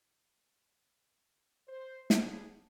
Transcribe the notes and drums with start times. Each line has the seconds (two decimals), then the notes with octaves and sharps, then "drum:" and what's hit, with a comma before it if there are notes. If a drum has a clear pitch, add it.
1.68 C5
2.10 B3 D4 E4 G#4, drum: snare